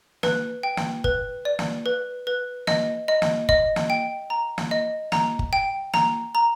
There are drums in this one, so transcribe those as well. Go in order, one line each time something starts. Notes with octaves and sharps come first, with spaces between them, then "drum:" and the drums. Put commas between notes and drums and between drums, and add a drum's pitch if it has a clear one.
B4, drum: snare
G5
drum: snare
B4, drum: kick G1
D5
drum: snare
B4
B4
D#5, drum: snare
D#5
drum: snare
D#5, drum: kick G1
drum: snare
G5
A#5
drum: snare
D#5
A#5, drum: snare
drum: kick G1
G5
A#5, drum: snare
A#5